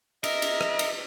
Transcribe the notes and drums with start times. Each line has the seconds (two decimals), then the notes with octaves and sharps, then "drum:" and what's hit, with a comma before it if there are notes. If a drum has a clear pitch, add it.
0.24 A#4 D#5 E5, drum: cymbal
0.42 drum: cymbal
0.61 drum: rim click
0.79 drum: cymbal